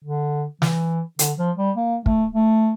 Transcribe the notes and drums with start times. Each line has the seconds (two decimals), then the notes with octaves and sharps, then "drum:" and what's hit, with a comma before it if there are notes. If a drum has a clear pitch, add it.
0.04 D3
0.62 E3, drum: snare
1.19 D3, drum: hi-hat
1.38 F3
1.58 G3
1.76 A#3
2.06 A3, drum: kick
2.34 A3